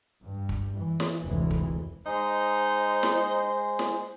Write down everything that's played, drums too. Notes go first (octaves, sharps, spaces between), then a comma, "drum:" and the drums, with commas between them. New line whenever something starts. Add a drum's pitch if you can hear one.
G2
drum: kick
E3
drum: snare
F1 D2 E3 G#3
drum: kick
G#3 D#4 C5
drum: snare
drum: snare